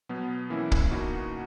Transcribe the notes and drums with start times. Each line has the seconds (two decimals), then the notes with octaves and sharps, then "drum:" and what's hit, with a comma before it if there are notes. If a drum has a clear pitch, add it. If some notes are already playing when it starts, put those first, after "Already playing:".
0.09 B2 F#3 B3
0.50 E3 A#3 C#4 E4
0.72 drum: kick
0.91 B2 A#3 D#4 F#4